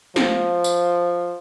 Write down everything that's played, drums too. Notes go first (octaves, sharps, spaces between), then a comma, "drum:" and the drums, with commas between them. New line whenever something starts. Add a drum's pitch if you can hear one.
F3, drum: snare
drum: tambourine